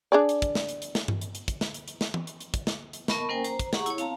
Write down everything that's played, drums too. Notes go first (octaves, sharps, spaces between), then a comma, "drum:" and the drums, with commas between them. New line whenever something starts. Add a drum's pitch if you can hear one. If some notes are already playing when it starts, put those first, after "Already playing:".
D4 G#4 D5
drum: hi-hat
drum: kick, hi-hat
drum: snare
drum: hi-hat
drum: hi-hat
drum: snare
drum: tom G2
drum: hi-hat
drum: hi-hat
drum: kick, hi-hat
drum: snare
drum: hi-hat
drum: hi-hat
drum: snare
drum: tom E3
drum: hi-hat
drum: hi-hat
drum: kick, hi-hat
drum: snare
drum: hi-hat
B3 A#4 D#5 A5 B5 C#6, drum: snare
A#3 C#4 A#4 C5 G5 G#5
C5 A#5, drum: hi-hat
drum: kick, hi-hat
G4 G#4 F#5 A#5 C#6, drum: snare
E4 C#5, drum: hi-hat
C4 F5 A5 A#5, drum: hi-hat